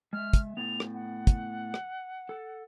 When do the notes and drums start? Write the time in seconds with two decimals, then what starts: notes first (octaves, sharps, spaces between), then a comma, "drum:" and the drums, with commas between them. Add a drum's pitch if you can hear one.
0.13 G#3 E5 F6
0.33 drum: kick, hi-hat
0.57 A2 B3 F7
0.80 drum: rim click
0.94 F#5
1.27 drum: kick, hi-hat
1.74 drum: rim click
2.29 A4